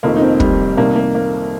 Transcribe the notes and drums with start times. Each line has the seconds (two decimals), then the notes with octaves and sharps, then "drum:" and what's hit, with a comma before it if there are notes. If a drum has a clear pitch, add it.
0.03 F1 F2 D#3 A#3
0.16 D#4
0.21 C4
0.40 G3, drum: kick
0.77 C2 C3 D#3 A#3
0.96 A#3
1.15 A#3